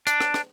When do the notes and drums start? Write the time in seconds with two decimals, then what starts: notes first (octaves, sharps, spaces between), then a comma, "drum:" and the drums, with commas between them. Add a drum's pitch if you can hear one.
0.07 D4, drum: hi-hat
0.20 drum: rim click
0.34 drum: rim click